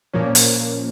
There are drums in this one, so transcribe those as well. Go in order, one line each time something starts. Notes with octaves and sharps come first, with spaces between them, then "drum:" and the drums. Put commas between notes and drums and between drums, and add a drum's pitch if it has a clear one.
A#2 F3 A#3 C#4
drum: hi-hat